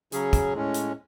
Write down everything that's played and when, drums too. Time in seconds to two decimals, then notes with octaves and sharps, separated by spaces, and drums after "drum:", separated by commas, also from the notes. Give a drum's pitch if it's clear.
0.12 C#3 F#3 C#4 G#4, drum: hi-hat
0.33 drum: kick, hi-hat
0.54 A2 G#3 C#4
0.74 drum: hi-hat